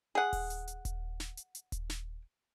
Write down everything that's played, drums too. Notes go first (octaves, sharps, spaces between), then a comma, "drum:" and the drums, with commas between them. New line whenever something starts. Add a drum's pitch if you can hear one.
G#4 F#5
drum: kick D#1, open hi-hat
drum: hi-hat
drum: hi-hat
drum: kick D#1, hi-hat
drum: snare
drum: hi-hat
drum: hi-hat
drum: kick D#1, hi-hat
drum: snare